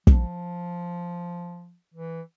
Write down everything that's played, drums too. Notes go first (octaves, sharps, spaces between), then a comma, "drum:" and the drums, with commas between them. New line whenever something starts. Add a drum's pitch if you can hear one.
F3, drum: kick
E3